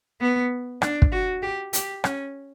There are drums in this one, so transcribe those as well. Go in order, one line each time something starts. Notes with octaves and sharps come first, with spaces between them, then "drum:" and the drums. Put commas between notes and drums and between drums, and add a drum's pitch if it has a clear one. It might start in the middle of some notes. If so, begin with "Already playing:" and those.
B3
D4, drum: rim click
drum: kick
F#4
G4
G4, drum: hi-hat
C#4, drum: rim click